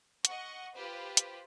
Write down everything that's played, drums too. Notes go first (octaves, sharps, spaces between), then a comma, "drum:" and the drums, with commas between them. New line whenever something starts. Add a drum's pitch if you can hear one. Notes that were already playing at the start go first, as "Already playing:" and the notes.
D#5 F#5 C#6, drum: hi-hat
F4 G4 B4 C5 B5
drum: hi-hat